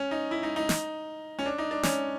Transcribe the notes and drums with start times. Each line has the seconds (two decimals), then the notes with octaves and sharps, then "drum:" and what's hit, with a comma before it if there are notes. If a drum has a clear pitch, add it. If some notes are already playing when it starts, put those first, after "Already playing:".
Already playing: C#4
0.11 D#4
0.31 E4
0.43 D#4
0.56 D#4
0.69 drum: snare
1.39 C#4
1.45 D4
1.58 D#4
1.71 D4
1.83 C#4, drum: snare